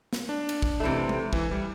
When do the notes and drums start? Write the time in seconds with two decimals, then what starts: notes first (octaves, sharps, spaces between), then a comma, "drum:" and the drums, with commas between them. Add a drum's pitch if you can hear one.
0.13 drum: snare
0.29 D4
0.49 drum: cymbal
0.62 drum: kick
0.80 C3 E3 A3
1.09 drum: tom G#3
1.33 E3, drum: kick
1.51 G3